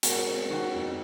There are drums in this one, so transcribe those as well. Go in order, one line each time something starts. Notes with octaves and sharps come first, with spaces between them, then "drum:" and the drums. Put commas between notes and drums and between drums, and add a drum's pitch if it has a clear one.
G#3 F#4 A#4, drum: hi-hat
C4
D#3 F#4
F2